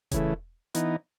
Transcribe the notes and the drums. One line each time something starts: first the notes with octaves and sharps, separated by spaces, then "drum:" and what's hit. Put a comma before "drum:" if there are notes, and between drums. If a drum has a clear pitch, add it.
C#3 E3 A3, drum: kick E1, hi-hat
E3 B3 D#4, drum: hi-hat